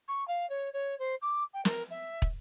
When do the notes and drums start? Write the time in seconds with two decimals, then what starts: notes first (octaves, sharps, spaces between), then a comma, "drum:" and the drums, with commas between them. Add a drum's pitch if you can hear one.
0.08 C#6
0.28 F5
0.50 C#5
0.73 C#5
0.99 C5
1.22 D6
1.54 G5
1.65 A#4, drum: snare
1.90 E5
2.22 drum: kick